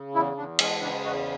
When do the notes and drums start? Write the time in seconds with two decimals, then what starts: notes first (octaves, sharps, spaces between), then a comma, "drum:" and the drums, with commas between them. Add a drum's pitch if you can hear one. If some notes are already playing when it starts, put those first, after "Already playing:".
Already playing: C#3
0.15 E2 E4
0.37 E2 D4
0.59 G#3 C#4, drum: cymbal
0.81 C#3 D4
1.04 E2 F#4